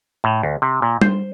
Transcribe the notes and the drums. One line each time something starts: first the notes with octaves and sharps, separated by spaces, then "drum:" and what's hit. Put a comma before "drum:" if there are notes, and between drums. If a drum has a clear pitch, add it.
A2
D2
C3
A#2
C5, drum: tom G3